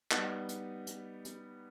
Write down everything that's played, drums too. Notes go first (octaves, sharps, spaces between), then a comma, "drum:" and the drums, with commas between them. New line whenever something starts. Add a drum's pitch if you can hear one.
G3 B3 D#4, drum: clap
drum: hi-hat
drum: hi-hat
drum: hi-hat